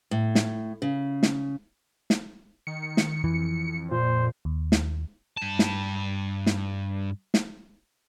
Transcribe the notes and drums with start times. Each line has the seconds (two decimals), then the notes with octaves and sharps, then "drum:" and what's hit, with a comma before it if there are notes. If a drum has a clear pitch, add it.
0.11 A2
0.35 drum: snare
0.82 C#3
1.23 drum: snare
2.10 drum: snare
2.67 D#3 C#7
2.97 drum: snare
3.24 F2 E3
3.91 A#2 C5
4.45 D#2
4.72 drum: snare
5.37 G2 A5
5.59 drum: snare
6.46 drum: snare
7.34 drum: snare